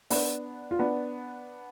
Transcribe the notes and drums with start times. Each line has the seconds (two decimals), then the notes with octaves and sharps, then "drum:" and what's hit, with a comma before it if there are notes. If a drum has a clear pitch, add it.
0.10 B3 D4, drum: open hi-hat
0.71 F4
0.79 B3 D4